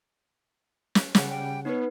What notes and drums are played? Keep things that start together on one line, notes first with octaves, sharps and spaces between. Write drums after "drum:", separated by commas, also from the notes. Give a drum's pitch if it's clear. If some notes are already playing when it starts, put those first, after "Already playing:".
drum: snare
C#3 G3 C#4 F#5, drum: snare
G5
B3 D#4 B4 C#5